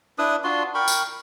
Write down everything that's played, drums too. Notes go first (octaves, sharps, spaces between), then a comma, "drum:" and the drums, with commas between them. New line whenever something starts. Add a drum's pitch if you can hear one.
D4 E4 B4 D#6
D4 F4 F#4 C6
A#4 G5 B5 C#6
drum: tambourine